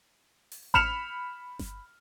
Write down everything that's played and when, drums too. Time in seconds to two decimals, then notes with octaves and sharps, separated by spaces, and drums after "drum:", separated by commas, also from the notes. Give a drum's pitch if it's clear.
0.52 drum: open hi-hat
0.74 B5 F6 C#7 E7 F7, drum: kick A1
1.59 drum: snare G1